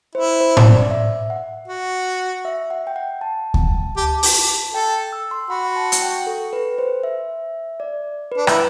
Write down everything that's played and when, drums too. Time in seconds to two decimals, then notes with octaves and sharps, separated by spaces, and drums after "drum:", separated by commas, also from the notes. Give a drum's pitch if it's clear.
0.15 E4 C5
0.40 C5
0.57 drum: tom A2
0.66 D5
0.91 E5
1.30 F#5
1.68 F#4
2.45 E5
2.70 F#5
2.87 G5
2.96 F#5
3.21 A5
3.54 drum: kick D2
3.97 G4 A5
4.23 G4, drum: open hi-hat
4.73 A4 G5
5.13 E6
5.31 C6
5.50 F#4 B5
5.76 A5
5.92 drum: hi-hat
6.02 G5
6.27 A4
6.53 B4
6.78 C5
7.03 E5
7.80 D5
8.32 B4
8.37 D4
8.47 E4, drum: rim click